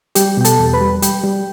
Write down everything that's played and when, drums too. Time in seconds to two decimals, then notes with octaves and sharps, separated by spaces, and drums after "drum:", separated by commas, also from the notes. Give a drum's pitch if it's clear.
0.15 G3 G4 G5, drum: hi-hat
0.37 B2 G5
0.45 A4 A5, drum: hi-hat
0.59 E2
0.73 B4 B5
0.81 G3
1.02 G3 G4 G5, drum: hi-hat
1.24 G3